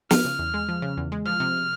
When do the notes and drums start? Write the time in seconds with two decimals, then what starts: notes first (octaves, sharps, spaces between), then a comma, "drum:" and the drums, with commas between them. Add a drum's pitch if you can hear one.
0.11 F3 F6, drum: snare
0.25 C#3
0.39 E2
0.54 G#3
0.68 F3
0.82 C#3
0.97 E2
1.12 G#3
1.25 F3 F6
1.40 C3